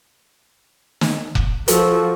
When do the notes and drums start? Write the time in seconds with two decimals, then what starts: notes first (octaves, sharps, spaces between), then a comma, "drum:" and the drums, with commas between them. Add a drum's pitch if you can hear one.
1.01 drum: snare
1.35 drum: kick F1
1.68 F3 F#4 A4, drum: hi-hat